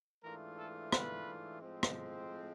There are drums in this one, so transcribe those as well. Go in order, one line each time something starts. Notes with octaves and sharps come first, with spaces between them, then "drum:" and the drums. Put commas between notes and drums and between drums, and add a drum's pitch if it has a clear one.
G#2 E3 A3 D4 F4 A#4
A4
B4, drum: rim click
A2 F3 G#3 C4
drum: rim click